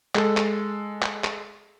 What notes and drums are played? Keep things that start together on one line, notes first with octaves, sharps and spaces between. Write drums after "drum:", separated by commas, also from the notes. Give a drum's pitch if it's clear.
G#3 A4, drum: clap
drum: clap
drum: clap
drum: clap